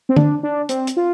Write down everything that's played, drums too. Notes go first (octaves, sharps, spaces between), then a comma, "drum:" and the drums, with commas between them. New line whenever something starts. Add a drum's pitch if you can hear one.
C4
D4, drum: tom D3
D4
C4, drum: hi-hat
drum: hi-hat
F4